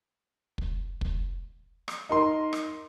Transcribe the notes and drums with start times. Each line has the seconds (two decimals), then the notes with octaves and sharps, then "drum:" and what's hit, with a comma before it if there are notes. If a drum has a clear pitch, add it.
0.58 drum: kick
1.01 drum: kick
1.88 drum: rim click
2.09 D#4 A#4 C6
2.53 drum: rim click